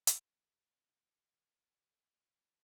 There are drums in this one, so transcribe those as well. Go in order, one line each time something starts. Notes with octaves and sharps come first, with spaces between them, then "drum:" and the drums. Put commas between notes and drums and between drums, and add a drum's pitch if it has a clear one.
drum: hi-hat
G5
F#4
D#3
C5
G#5
G4
A4
E6
D4
D3
D5